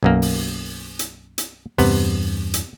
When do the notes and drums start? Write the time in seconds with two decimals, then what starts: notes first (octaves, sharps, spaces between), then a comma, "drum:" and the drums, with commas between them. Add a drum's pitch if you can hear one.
0.03 B1 F#2 A#3
0.22 drum: open hi-hat
0.99 drum: hi-hat
1.38 drum: hi-hat
1.78 E2 G2 C3 B3, drum: open hi-hat
2.54 drum: hi-hat